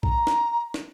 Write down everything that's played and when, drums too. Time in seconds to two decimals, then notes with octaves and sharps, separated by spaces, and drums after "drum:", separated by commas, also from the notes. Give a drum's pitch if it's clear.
0.03 A#5, drum: kick B1
0.27 drum: snare
0.74 drum: snare